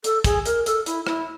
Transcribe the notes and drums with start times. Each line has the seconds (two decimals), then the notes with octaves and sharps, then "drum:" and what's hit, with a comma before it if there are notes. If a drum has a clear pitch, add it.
0.04 A4, drum: hi-hat
0.24 G#4, drum: kick, hi-hat
0.46 A#4, drum: hi-hat
0.66 A4, drum: hi-hat
0.86 E4, drum: hi-hat
1.07 E4, drum: rim click